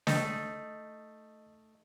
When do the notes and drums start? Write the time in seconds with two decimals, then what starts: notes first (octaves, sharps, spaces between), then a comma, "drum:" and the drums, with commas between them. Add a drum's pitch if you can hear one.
0.07 A3 D#4 D#5, drum: snare